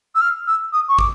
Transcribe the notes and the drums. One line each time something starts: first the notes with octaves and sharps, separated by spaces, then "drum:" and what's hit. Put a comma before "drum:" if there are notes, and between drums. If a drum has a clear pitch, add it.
E6
F6
E6
D#6
C#6
D6, drum: kick